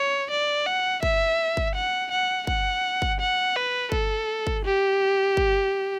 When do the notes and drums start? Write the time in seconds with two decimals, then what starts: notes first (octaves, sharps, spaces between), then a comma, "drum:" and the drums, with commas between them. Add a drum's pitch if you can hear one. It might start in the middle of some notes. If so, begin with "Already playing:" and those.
Already playing: C#5
0.31 D5
0.66 F#5
1.03 E5, drum: kick G1
1.57 drum: kick G1
1.75 F#5
2.11 F#5
2.47 F#5, drum: kick G1
3.02 drum: kick G1
3.20 F#5
3.56 B4
3.92 A4, drum: kick G1
4.47 drum: kick G1
4.65 G4
5.37 drum: kick G1